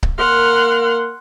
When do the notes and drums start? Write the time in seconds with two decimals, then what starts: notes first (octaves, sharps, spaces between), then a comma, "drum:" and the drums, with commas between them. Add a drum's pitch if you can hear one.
0.03 drum: kick C#1
0.19 A#3 A#4 F#5 C6 F6